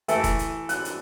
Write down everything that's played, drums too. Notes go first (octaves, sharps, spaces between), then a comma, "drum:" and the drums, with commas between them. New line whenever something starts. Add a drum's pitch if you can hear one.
E3 A3 E4 A4, drum: hi-hat
drum: kick E1, hi-hat
drum: hi-hat
F#6, drum: hi-hat
drum: hi-hat